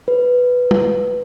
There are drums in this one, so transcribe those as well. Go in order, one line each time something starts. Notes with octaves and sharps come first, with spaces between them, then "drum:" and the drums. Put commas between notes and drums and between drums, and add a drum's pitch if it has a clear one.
B4
drum: tom